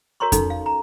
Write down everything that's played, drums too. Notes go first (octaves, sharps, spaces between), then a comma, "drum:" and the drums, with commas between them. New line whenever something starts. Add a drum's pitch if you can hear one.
F#4 A#4 C#5 A#5 C6 C#6
C#4 D#4 A4, drum: kick F2, hi-hat
F5
A#5